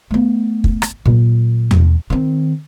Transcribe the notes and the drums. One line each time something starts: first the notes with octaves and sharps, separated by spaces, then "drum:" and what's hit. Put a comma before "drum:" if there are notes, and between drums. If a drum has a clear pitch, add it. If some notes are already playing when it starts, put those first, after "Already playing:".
A3 B3
drum: kick
drum: rim click
A#2 F#3
drum: tom E2
D#3 C4